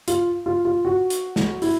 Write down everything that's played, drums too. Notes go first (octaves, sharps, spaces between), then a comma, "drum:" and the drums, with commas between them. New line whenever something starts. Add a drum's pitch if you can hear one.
F4, drum: hi-hat
F4
F4
F#4
drum: hi-hat
drum: snare
E4, drum: open hi-hat